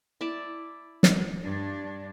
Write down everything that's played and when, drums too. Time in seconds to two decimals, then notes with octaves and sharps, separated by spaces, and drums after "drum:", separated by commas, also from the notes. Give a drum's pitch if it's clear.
0.21 E4 D5 A5
1.03 drum: snare
1.44 G2 D4